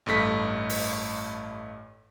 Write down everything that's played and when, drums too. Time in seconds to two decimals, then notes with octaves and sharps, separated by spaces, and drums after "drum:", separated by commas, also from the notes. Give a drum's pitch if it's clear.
0.06 A1 G2 A3 B6
0.69 drum: open hi-hat